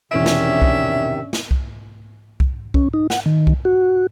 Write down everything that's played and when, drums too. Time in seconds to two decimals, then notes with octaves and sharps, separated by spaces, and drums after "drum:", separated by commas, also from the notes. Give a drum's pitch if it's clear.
0.11 E1 C3 D#3 E3 C#4 D4 E5 D7
0.26 drum: snare
0.62 drum: kick C2
1.33 drum: snare
1.51 drum: kick C2
2.40 drum: kick C2
2.74 C#4, drum: kick C2
2.93 D#4
3.10 F#5, drum: snare
3.26 D#3
3.47 drum: kick C2
3.65 F#4